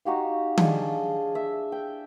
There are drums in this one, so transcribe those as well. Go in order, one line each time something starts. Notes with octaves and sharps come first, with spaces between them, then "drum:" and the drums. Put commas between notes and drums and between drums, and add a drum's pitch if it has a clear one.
D#4 F#4 G4 F5
D4 G#4 D#5 F5, drum: tom D#3
E5
G5